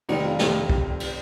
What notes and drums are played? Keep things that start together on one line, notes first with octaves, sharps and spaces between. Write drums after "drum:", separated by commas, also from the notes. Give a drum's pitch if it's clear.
F1 F2 D#3 G3 D#4, drum: cymbal
F4
F1 F2 D#3 G3 C5, drum: snare
drum: kick
drum: cymbal